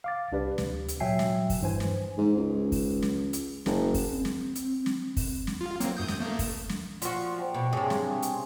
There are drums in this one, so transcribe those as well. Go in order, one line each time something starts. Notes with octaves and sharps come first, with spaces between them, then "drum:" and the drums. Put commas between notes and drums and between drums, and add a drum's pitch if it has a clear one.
F5 D6 A6
C2 D4 G4 B4 D5
D2 C3, drum: snare
drum: hi-hat
A#2 F#3 E5 G5 G#5 C7
drum: snare
drum: kick, open hi-hat
G2 E3 C5 G#5
drum: snare
G#2
C#2
drum: kick, open hi-hat
drum: snare
drum: hi-hat
F#1, drum: snare
drum: kick, open hi-hat
C4
drum: snare
drum: hi-hat
drum: snare
drum: kick, open hi-hat
drum: snare
F4
F#3 A#3 C4, drum: hi-hat
F#2 D#6 G6
drum: snare
A3 A#3
drum: kick, open hi-hat
drum: snare
A#2 F3 F#4, drum: hi-hat
G5 A5
B2 G4
G2 C3 G#4 C#5
C4, drum: snare
drum: hi-hat